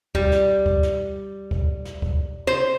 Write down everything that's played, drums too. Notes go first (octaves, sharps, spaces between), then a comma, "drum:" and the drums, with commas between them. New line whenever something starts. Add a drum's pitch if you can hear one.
G3, drum: kick C#2
drum: snare
drum: kick C#2
drum: snare
drum: kick C#2
drum: snare
drum: kick C#2
C5